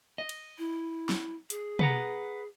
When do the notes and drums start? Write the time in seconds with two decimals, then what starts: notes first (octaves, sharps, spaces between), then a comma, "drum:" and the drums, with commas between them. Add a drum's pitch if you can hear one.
0.18 D#5
0.29 drum: cymbal
0.58 E4
1.09 drum: snare
1.50 G#4, drum: hi-hat
1.79 B4 F#5 A#5, drum: tom